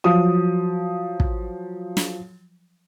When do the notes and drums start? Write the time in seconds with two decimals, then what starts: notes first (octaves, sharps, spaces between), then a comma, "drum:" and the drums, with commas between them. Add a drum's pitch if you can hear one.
0.04 F3 F#3 D#6
1.20 drum: kick
1.97 drum: snare